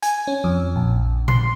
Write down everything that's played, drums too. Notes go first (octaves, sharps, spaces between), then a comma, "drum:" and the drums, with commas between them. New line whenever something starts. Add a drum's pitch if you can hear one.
G#5, drum: hi-hat
C#4
F2
A#1
C6, drum: tom A#2